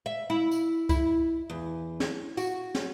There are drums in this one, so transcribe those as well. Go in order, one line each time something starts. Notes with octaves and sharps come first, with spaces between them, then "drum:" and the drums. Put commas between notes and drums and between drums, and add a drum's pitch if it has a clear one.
E5
E4
drum: tambourine
E4, drum: kick C2, tambourine
E2
drum: snare
F#4, drum: tambourine
drum: snare